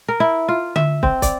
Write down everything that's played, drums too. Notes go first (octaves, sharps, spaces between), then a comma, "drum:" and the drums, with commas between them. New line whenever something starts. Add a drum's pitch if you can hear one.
A#4
E4
F4
E5, drum: tom D3
C4, drum: kick
D5, drum: kick, hi-hat